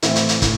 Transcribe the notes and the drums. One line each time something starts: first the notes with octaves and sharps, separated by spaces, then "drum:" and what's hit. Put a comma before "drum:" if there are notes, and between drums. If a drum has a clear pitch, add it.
A2 E3 A3 C4 E4, drum: hi-hat
drum: hi-hat
drum: hi-hat
A2, drum: kick, hi-hat